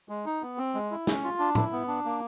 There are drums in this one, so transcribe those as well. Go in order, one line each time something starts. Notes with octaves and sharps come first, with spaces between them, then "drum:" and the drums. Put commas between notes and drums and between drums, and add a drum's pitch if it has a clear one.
G#3
D#4
B3
C4
G#3
E4
C#4, drum: snare
F4
D4
E4, drum: tom A2
B3
D4
A#3